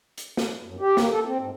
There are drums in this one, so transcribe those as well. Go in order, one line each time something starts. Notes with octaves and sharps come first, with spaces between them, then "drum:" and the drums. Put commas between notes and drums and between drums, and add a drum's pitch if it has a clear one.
drum: hi-hat
drum: snare
F#2
G4
A#3, drum: snare
A4
C4
G#2